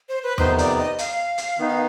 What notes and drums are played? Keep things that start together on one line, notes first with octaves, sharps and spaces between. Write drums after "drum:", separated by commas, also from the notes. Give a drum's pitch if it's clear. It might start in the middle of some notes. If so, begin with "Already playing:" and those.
C5
B4
F2 C3 D#3 B3 D#4 C5, drum: tom E2
D5, drum: hi-hat
D#5
F5, drum: hi-hat
drum: hi-hat
D#3 B3 D#4